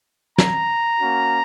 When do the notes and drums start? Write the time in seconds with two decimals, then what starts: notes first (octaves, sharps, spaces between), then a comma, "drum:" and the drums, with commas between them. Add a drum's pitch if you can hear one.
0.38 A#5, drum: snare
0.98 A#3 C#4 F#4